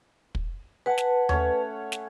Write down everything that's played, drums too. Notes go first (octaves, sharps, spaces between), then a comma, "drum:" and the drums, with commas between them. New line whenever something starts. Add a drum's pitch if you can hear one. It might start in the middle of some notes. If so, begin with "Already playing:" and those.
drum: kick
B4 F#5 G#5 A5
drum: snare
A3 C#4 C#5, drum: tom D#2
drum: snare